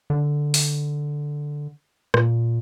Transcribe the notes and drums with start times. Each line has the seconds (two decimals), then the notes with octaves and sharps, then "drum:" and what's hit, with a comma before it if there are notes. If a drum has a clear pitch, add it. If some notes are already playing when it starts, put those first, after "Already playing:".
0.10 D3
0.54 drum: open hi-hat
2.14 A#2, drum: rim click